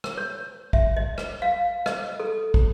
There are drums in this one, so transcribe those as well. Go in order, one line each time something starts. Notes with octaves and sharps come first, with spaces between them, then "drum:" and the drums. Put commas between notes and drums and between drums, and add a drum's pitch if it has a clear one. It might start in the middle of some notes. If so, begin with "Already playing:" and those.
drum: rim click
C#5
E5, drum: kick
D#5
drum: rim click
F5
D#5, drum: rim click
A4
drum: kick